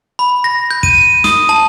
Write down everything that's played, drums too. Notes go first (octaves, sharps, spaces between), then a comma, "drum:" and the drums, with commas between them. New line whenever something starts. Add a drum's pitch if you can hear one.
B5
A#6
G6
D#7, drum: kick
D#6, drum: snare
A5